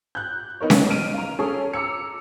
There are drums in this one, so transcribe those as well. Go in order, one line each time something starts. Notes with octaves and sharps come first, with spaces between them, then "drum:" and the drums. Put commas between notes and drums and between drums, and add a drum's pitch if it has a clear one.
F#6 G6
B3 D#4 A#4 C#5
drum: snare C#4
F6 D7 D#7
F5 A#5
C#4 G#4 A4 C#5
A#5 D6 E6 C#7